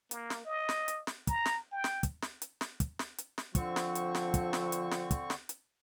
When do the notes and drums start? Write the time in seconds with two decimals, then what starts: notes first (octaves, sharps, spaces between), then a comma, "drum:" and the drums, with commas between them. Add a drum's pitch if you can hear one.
0.11 A#3, drum: hi-hat
0.30 drum: snare
0.45 D#5
0.69 drum: snare
0.88 drum: hi-hat
1.07 drum: snare
1.27 A#5, drum: kick, hi-hat
1.45 drum: snare
1.72 G5
1.84 drum: snare
2.03 drum: kick, hi-hat
2.22 drum: snare
2.42 drum: hi-hat
2.61 drum: snare
2.80 drum: kick, hi-hat
2.99 drum: snare
3.18 drum: hi-hat
3.38 drum: snare
3.55 D3 F3 C4 C#6, drum: kick, hi-hat
3.76 drum: snare
3.95 drum: hi-hat
4.15 drum: snare
4.34 drum: kick, hi-hat
4.53 drum: snare
4.72 drum: hi-hat
4.91 drum: snare
5.11 drum: kick, hi-hat
5.30 drum: snare
5.49 drum: hi-hat